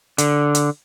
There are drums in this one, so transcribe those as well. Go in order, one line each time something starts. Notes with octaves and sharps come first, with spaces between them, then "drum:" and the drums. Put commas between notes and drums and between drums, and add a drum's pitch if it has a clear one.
D3, drum: hi-hat
drum: hi-hat